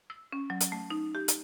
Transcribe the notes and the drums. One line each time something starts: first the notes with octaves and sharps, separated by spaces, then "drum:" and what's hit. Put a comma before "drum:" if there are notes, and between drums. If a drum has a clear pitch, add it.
E6
C#4
F#3
drum: hi-hat
A3
D#4
G4
drum: hi-hat